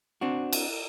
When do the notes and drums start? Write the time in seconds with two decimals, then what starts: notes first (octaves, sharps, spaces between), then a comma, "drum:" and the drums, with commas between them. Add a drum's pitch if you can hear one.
0.21 C4 D4 F#4
0.53 drum: cymbal